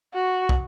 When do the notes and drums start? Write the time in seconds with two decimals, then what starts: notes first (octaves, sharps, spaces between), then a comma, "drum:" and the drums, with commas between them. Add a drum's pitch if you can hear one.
0.14 F#4
0.49 drum: kick